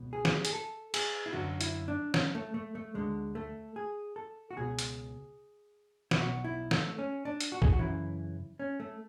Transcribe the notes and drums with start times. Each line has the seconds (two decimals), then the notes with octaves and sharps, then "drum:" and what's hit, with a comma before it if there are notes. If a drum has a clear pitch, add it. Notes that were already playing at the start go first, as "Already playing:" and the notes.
Already playing: C#2 B2
0.13 G#4
0.25 drum: snare
0.45 G#4, drum: hi-hat
0.53 A4
0.94 G#4, drum: cymbal
1.26 E4
1.33 F#2 D3 F#4
1.61 E4, drum: hi-hat
1.88 D4
2.14 C#4, drum: snare
2.35 A3
2.54 A3
2.75 A3
2.94 D2 D3 G#3
3.35 A3
3.76 G#4
4.16 A4
4.51 F#4
4.56 C#2 B2 G#4
4.79 drum: hi-hat
6.11 E4, drum: snare
6.17 B1 B2 F#4
6.45 E4
6.71 A3, drum: snare
6.99 C#4
7.25 D4
7.41 drum: hi-hat
7.52 F#4
7.62 G#4, drum: kick
7.70 F#4
7.79 F#2 C#3 E3 E4
8.59 C#4
8.80 A3